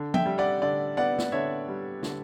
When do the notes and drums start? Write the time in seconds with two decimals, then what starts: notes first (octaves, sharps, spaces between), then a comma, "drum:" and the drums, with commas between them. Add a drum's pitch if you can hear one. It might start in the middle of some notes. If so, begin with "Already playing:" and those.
Already playing: D3
0.14 E5 G5, drum: tom F3
0.26 G3
0.38 D5 F#5
0.62 D3 D5
0.97 B3 D5 F#5
1.19 drum: snare
1.32 D3 C#5 E5
1.68 G3
2.03 D3, drum: snare